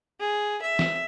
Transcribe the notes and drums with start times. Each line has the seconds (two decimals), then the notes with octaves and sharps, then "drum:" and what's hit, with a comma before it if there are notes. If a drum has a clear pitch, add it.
0.20 G#4
0.62 E5
0.79 drum: snare